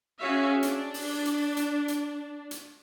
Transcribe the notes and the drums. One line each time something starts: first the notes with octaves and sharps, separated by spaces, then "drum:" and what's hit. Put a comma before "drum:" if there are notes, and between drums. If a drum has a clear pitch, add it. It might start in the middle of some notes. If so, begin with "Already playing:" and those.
C#4 F#4 G#4 C#5 E5 F5
D4, drum: hi-hat
drum: open hi-hat
drum: hi-hat
drum: hi-hat
drum: hi-hat
drum: hi-hat